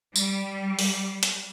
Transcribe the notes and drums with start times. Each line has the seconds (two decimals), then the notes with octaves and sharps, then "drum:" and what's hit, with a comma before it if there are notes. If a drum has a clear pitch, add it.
0.16 G3, drum: tambourine
0.79 drum: open hi-hat
1.23 drum: hi-hat